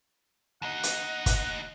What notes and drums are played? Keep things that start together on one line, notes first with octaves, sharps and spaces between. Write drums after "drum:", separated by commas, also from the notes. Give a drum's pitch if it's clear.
D#2 D#5 F#5
drum: hi-hat
drum: kick, hi-hat